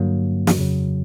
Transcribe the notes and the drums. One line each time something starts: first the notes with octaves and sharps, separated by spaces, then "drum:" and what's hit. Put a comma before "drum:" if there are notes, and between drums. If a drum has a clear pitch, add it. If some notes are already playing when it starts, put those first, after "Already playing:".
Already playing: G2 D3 F#3 A#3
drum: snare
F2 C#3 F#3